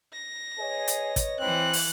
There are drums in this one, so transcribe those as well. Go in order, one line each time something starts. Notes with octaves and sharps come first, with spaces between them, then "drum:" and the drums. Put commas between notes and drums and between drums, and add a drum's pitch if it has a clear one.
A#6
G#4 B4 C#5 D#5
drum: hi-hat
drum: kick, hi-hat
E3 C4 F#6
drum: open hi-hat